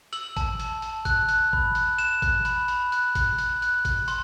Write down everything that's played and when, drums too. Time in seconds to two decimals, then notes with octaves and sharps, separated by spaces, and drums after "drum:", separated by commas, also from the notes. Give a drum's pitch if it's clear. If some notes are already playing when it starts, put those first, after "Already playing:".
0.13 E6 F#7, drum: hi-hat
0.37 A5, drum: kick A1, hi-hat
0.60 A5, drum: hi-hat
0.82 A5, drum: hi-hat
1.05 F#6, drum: kick A1, hi-hat
1.29 F#6, drum: hi-hat
1.53 B5, drum: kick A1
1.75 F#6, drum: hi-hat
1.98 F#6 E7, drum: hi-hat
2.22 F#6, drum: kick A1, hi-hat
2.45 B5, drum: hi-hat
2.68 B5, drum: hi-hat
2.92 F#6, drum: hi-hat
3.15 F#6, drum: kick A1, hi-hat
3.38 F#6, drum: hi-hat
3.62 F#6, drum: hi-hat
3.85 F#6, drum: kick A1, hi-hat
4.08 C6, drum: hi-hat